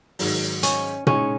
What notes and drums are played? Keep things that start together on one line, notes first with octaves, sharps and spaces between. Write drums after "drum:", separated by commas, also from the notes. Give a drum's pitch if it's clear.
G#2 D#3 F#3, drum: open hi-hat
C#4, drum: hi-hat
C#3 G#3 C#4 D#4, drum: tom A#2